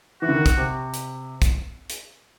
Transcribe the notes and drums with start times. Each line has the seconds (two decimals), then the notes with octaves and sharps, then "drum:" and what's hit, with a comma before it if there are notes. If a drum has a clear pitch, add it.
0.22 E3 F#4
0.28 D3
0.33 D#3
0.46 drum: kick, hi-hat
0.57 C3
0.94 drum: hi-hat
1.42 drum: kick, hi-hat
1.90 drum: hi-hat